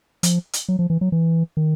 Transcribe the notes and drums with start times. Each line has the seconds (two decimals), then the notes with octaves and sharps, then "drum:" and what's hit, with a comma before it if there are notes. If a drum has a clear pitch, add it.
0.23 F3, drum: hi-hat
0.53 drum: hi-hat
0.69 F#3
0.79 F3
0.90 E3
1.01 F#3
1.12 E3
1.57 D#3